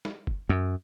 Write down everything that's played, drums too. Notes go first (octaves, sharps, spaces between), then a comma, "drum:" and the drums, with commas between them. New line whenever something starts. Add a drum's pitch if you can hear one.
drum: snare
drum: kick F#1
F#2